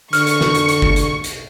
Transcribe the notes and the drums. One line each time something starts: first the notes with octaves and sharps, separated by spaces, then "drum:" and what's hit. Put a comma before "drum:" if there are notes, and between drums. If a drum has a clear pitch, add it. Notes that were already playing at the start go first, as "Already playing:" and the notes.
D3 C#6 F6, drum: hi-hat
drum: hi-hat
drum: snare
drum: hi-hat
drum: hi-hat
drum: kick G1
drum: hi-hat
drum: hi-hat